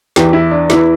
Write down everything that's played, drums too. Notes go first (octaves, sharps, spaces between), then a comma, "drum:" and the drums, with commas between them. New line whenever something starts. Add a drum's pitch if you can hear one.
E2 E3 G4, drum: snare
E4
D4
E2 E3 E4, drum: snare